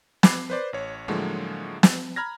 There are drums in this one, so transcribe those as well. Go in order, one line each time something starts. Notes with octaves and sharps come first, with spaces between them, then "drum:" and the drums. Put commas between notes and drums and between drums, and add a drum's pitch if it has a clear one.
B5 D6 F#6 G#6 C7, drum: snare
B4 C5 D5
A1 C#5
A2 D3 F3 F#3 G#3 A#3
drum: snare
A#5 B5 F6 G#6 A#6